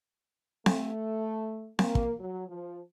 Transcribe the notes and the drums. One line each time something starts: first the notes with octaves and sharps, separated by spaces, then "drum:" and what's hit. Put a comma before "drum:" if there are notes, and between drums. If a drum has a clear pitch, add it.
A3, drum: snare C4
A#3, drum: snare C4
drum: kick
F#3
F3